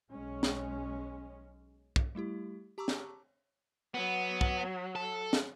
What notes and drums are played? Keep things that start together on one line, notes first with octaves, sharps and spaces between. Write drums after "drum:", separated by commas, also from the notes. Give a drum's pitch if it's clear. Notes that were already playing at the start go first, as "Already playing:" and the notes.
B1 G#3 C#4
drum: snare
drum: kick
G3 A3 E4 G4
G4 A5 A#5 C#6 D6 E6
drum: snare
F#3 B3
drum: kick
A4
drum: snare